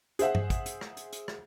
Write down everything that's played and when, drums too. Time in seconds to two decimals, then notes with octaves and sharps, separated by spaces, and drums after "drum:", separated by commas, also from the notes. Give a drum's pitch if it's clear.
0.19 G#4 C5 E5 F#5, drum: hi-hat
0.35 drum: tom G2
0.50 drum: kick, hi-hat
0.66 drum: hi-hat
0.81 drum: rim click
0.97 drum: hi-hat
1.13 drum: hi-hat
1.28 drum: rim click